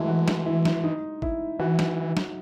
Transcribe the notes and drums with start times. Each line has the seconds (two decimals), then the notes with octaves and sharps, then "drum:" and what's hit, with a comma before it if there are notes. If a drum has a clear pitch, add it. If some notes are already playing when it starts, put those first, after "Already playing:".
Already playing: E3 F#3 G#3 A3 E4
0.08 F#4
0.28 drum: snare
0.46 E4
0.65 drum: snare
0.84 D#4
1.22 E4, drum: kick G#1
1.59 E3 F#4
1.79 drum: snare
2.17 drum: snare